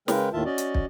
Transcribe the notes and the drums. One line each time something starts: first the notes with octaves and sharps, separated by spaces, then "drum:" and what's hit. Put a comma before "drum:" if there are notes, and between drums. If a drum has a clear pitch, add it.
C#3 G#3 A#4 B4 G5, drum: snare
D#2 A2 D#3 F4 E5 A5
C#4 F#4 D5 D#5
drum: hi-hat
drum: kick